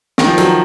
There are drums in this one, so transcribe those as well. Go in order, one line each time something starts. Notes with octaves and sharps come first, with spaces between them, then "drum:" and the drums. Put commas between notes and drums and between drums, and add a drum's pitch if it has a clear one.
D#3, drum: snare
F3
F#3, drum: hi-hat